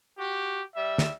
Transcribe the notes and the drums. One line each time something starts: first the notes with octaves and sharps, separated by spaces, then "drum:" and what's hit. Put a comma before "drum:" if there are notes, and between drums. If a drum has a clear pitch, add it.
F#4 G4
G3 E5
drum: snare